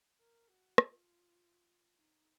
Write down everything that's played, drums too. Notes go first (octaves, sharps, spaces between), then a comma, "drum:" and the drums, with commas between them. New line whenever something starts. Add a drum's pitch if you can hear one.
A#4
F#4
F4, drum: rim click
D#4